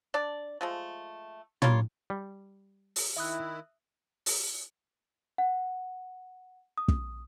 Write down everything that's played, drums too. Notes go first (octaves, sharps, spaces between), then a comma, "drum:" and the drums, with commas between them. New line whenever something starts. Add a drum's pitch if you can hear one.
D4 D5
F3 G#3 A3
G3 A#3 F4 C#5, drum: tom
G3
drum: open hi-hat
D#3 E4 E5 D#6 F#6
drum: open hi-hat
F#5
D#6
drum: kick